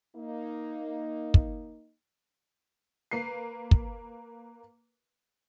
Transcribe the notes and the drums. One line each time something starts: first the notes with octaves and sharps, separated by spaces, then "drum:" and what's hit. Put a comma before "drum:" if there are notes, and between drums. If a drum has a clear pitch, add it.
A#3 D#4
drum: kick
A#3 B4 C7
drum: kick